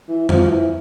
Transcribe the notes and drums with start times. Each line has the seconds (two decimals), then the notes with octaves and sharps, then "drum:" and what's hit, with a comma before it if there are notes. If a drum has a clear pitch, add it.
0.09 E3
0.29 F3, drum: tom F2
0.50 E3